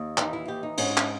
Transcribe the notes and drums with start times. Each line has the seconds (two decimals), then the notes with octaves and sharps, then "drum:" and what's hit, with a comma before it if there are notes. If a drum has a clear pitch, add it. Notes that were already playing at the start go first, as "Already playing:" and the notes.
Already playing: D#2
0.18 E3 D#4, drum: clap
0.33 E4
0.48 D#2 G4
0.63 D#4
0.77 G#2 C#4, drum: cymbal
0.97 drum: clap